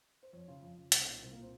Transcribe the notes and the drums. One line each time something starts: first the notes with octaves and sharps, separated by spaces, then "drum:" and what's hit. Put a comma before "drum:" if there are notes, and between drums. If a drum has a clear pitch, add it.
C5
F2 C#5
C#3 F4
F2
C#3
C2 D#4, drum: hi-hat
C#4
A#2 D#4
C2 C4
A#3
A#2
C4